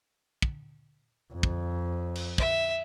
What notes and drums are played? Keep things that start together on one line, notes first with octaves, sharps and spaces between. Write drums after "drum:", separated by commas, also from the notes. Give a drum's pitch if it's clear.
drum: kick
F2
drum: kick
drum: cymbal
E5, drum: kick